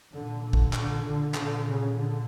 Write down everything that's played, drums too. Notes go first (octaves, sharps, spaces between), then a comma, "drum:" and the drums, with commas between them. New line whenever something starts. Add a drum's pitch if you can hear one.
A#2 D3
D3
drum: kick
D3, drum: clap
D3
D3, drum: clap
C#3
D3